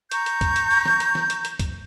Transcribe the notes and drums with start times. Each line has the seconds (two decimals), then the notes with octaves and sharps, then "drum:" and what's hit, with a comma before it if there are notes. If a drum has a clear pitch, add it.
0.11 A#5 C#6 G6, drum: hi-hat
0.26 drum: hi-hat
0.41 drum: kick, hi-hat
0.56 drum: hi-hat
0.71 drum: open hi-hat
0.85 drum: snare
1.00 drum: hi-hat
1.15 drum: snare
1.30 drum: hi-hat
1.45 drum: hi-hat
1.60 drum: kick, hi-hat